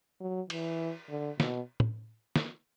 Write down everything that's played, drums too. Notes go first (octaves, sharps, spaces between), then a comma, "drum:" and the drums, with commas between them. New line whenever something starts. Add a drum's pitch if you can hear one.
F#3
E3, drum: cymbal
D3
B2, drum: snare
drum: tom
drum: snare